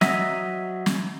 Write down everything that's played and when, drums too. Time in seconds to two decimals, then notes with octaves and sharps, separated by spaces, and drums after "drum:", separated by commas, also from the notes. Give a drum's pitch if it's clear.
0.01 F#3 D#5 E5, drum: snare
0.86 drum: snare